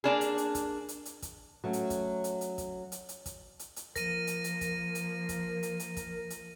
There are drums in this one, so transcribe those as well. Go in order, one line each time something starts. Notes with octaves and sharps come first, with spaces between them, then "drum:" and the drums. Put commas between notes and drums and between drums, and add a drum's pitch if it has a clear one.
A#3 D4 G#4
drum: hi-hat
drum: hi-hat
drum: kick, hi-hat
drum: hi-hat
drum: hi-hat
drum: kick, hi-hat
F#3 A3 C#4
drum: hi-hat
drum: kick, hi-hat
drum: hi-hat
drum: hi-hat
drum: kick, hi-hat
drum: hi-hat
drum: hi-hat
drum: kick, hi-hat
drum: hi-hat
drum: hi-hat
F3 A#3 A#4 A#6 D#7, drum: kick, hi-hat
drum: hi-hat
drum: hi-hat
drum: kick, hi-hat
drum: hi-hat
drum: kick, hi-hat
drum: hi-hat
drum: hi-hat
drum: kick, hi-hat
drum: hi-hat